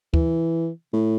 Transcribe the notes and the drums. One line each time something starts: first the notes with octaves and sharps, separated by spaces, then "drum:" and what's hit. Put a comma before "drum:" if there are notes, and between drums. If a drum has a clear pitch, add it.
E3, drum: kick D2
A2